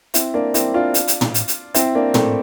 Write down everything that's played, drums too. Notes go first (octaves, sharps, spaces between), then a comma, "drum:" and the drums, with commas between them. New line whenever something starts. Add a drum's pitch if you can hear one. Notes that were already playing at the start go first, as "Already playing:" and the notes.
C4 E4, drum: hi-hat
A#3 D4
C4 E4, drum: hi-hat
D4 F4
drum: hi-hat
drum: hi-hat
drum: tom
drum: hi-hat
drum: hi-hat
C4 E4, drum: hi-hat
A#3 D4
A3 C4, drum: tom